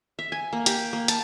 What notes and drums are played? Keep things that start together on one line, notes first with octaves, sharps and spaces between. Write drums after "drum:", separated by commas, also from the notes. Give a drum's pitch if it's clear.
E5
G#5
A#3
G4, drum: hi-hat
A#3
A5, drum: hi-hat